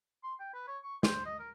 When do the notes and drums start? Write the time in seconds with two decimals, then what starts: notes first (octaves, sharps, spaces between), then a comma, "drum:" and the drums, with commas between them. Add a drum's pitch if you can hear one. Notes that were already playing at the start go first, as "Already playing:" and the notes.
0.24 C6
0.40 G5
0.54 B4
0.67 C#5
0.84 C#6
1.03 C5, drum: snare
1.26 D#5
1.39 A#4